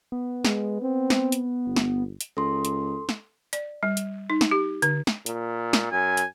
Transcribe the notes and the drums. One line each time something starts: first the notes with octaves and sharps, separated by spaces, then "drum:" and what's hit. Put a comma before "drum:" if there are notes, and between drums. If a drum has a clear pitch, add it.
B3
G#3, drum: snare
C4
drum: snare
drum: hi-hat
G1
drum: snare
drum: hi-hat
C#2 A4 C6
drum: hi-hat
drum: snare
D5, drum: hi-hat
G3
drum: hi-hat
D#4
drum: snare
G4
D3, drum: hi-hat
drum: snare
A#2, drum: hi-hat
drum: snare
F#2 G#5
drum: hi-hat